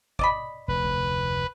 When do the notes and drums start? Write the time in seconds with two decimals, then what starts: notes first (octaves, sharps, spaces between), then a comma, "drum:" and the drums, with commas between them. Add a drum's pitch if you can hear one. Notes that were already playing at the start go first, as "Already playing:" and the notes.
0.19 D5 D#5 B5, drum: kick G#1
0.68 F1 D2 B4
0.85 drum: kick G#1